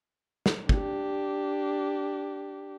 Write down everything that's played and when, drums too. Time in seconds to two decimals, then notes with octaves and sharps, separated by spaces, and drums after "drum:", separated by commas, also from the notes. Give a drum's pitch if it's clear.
0.46 drum: snare
0.69 D4 G4, drum: kick